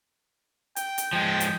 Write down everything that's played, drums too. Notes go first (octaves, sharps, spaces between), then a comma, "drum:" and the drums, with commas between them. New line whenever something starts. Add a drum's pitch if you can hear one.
G5, drum: hi-hat
drum: hi-hat
F3 G#3 G5
drum: hi-hat